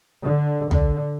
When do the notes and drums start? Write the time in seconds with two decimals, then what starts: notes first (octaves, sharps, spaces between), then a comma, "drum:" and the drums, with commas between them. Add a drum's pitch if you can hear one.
0.24 D3
0.71 D3, drum: tom